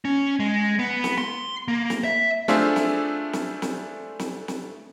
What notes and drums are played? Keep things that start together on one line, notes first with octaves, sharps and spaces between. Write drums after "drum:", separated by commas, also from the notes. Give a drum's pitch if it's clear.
C#4
G#3
B3
drum: snare
C6
A#3
drum: snare
E5
A3 D4 F4 G#4 C5 E5, drum: snare
drum: snare
drum: snare
drum: snare
drum: snare
drum: snare